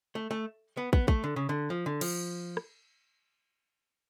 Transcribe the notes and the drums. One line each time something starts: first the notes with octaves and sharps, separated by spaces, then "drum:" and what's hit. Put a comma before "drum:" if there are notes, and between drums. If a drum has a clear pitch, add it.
A3
A3
B3
B3, drum: kick
A3, drum: kick
D3
C#3
D3
F3
D3
F3, drum: cymbal
drum: rim click